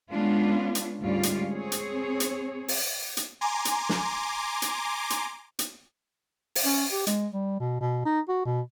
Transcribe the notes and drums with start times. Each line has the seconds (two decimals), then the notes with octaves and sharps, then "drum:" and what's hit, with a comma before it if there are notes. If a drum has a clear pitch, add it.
0.10 G#3 B3 C#4 D4 F4
0.75 drum: hi-hat
1.01 D2 G#2 G3 C#4 F4 D5
1.23 drum: hi-hat
1.49 C4 G#4 C#5
1.72 drum: hi-hat
2.20 drum: hi-hat
2.68 drum: open hi-hat
3.17 drum: hi-hat
3.41 G#5 A#5 C6 D6
3.65 drum: hi-hat
3.89 drum: snare
4.62 drum: hi-hat
5.10 drum: hi-hat
5.59 drum: hi-hat
6.55 drum: open hi-hat
6.65 C#4
6.92 G4
7.07 G#3, drum: hi-hat
7.33 G3
7.60 B2
7.81 B2
8.05 D#4
8.29 F#4
8.45 B2